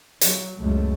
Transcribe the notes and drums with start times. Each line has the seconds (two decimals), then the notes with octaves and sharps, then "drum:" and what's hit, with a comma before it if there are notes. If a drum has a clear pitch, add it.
0.21 F#3, drum: hi-hat
0.60 C#2 F#2 A3